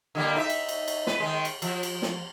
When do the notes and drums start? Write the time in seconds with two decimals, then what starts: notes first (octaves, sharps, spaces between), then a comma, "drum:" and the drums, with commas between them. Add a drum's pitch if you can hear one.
0.15 D3 G3 A#3
0.35 D#4 A#4 E5
0.50 drum: cymbal
0.69 drum: cymbal
0.88 drum: cymbal
1.07 B4, drum: snare
1.20 D#3 G#3
1.45 drum: cymbal
1.62 F3, drum: cymbal
1.83 drum: cymbal
2.02 drum: snare